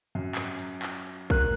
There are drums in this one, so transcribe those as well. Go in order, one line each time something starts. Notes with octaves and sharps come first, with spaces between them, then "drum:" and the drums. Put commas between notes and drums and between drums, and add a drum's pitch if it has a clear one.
F#2
drum: clap
drum: hi-hat
drum: clap
drum: hi-hat
A#4 F#6, drum: kick